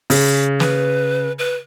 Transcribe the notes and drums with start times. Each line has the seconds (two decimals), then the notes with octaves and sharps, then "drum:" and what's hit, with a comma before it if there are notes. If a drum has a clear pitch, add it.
0.10 C#3, drum: open hi-hat
0.60 B4, drum: snare
1.39 B4